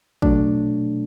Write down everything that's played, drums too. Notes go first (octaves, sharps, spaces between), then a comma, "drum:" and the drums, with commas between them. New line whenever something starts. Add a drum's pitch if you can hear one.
B2 F#3 A3 D4, drum: kick